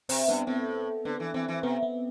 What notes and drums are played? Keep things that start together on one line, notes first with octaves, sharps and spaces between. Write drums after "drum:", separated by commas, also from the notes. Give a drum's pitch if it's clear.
C3 C4, drum: open hi-hat
G2 B3
A2 C4
D3 B3
E3
E3 C4
E3
C3 B3
B3